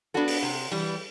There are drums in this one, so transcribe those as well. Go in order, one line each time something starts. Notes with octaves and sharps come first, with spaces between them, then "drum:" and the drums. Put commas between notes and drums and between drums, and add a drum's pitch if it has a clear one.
B3 D4 F#4 A4
drum: open hi-hat
C3
E3 G3